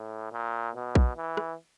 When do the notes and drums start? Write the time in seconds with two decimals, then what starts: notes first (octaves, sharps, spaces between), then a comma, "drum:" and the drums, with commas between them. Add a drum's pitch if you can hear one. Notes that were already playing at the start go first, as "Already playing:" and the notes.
Already playing: A2
0.32 A#2
0.75 B2
0.95 drum: kick A#1
1.16 E3
1.37 drum: rim click